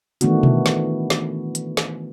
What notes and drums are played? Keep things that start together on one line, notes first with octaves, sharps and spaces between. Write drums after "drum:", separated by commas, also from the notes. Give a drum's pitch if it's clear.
D#3 E3 A3 B3 D4 F#4, drum: hi-hat
drum: tom B2
drum: snare
drum: snare
drum: hi-hat
drum: snare